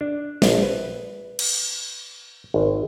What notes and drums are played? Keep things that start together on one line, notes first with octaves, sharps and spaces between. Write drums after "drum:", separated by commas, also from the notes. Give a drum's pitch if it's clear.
D4
A#1, drum: snare
B4
drum: cymbal
G#1